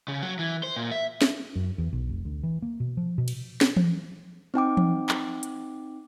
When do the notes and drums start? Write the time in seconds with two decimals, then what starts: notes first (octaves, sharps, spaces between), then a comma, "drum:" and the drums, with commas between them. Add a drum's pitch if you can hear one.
0.08 C#3
0.22 F#3
0.39 E3
0.63 C5
0.76 A#2
0.91 E5
1.22 drum: snare
1.56 F#2
1.78 E2
1.93 B1
2.09 F1
2.25 D2
2.43 E3
2.62 A#3
2.80 B2
2.97 F3
3.18 B2
3.28 drum: cymbal
3.61 drum: snare
3.77 drum: tom E3
4.54 C4 D#4 G5 D6
4.77 drum: tom E3
5.09 drum: clap
5.43 drum: hi-hat